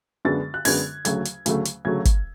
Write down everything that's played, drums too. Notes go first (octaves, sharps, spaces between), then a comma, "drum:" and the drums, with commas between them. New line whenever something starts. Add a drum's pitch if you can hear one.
F#2 D3 G#3 B3 A6
F#6
F#2 D3 G#3 B3 G#6, drum: open hi-hat
D2 C#3 F#3 A3 G#6, drum: hi-hat
drum: hi-hat
D2 C#3 F#3 A3, drum: hi-hat
drum: hi-hat
D2 C#3 F#3 A3 G#6
drum: kick, hi-hat